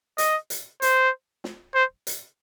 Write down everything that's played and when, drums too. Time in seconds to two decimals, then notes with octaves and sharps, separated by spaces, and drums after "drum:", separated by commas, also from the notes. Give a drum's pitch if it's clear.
0.18 D#5, drum: hi-hat
0.50 drum: hi-hat
0.82 C5, drum: hi-hat
1.44 drum: snare
1.75 C5
2.07 drum: hi-hat